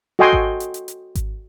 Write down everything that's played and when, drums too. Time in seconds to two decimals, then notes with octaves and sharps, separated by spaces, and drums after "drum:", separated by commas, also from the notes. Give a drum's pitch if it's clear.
0.19 F#4 A4 D#5 G5 G#5 C6
0.33 drum: kick G#1
0.60 drum: hi-hat
0.74 drum: hi-hat
0.88 drum: hi-hat
1.15 drum: kick G#1, hi-hat